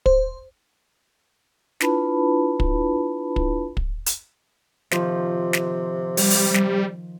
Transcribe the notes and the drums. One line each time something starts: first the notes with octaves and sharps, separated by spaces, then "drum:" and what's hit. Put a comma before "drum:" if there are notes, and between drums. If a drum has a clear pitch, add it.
C5, drum: kick
D4 E4 F4 B4 A5 B5, drum: snare
drum: kick
drum: kick
drum: kick
drum: hi-hat
C3 D#3 F3, drum: snare
drum: snare
G3, drum: open hi-hat
drum: open hi-hat
drum: snare